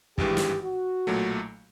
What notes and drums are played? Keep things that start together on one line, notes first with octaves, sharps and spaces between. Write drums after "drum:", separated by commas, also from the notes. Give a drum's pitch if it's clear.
G#1 G2 E3 G#3 G4, drum: kick
drum: snare
F#4
B1 A#2 F#3 A3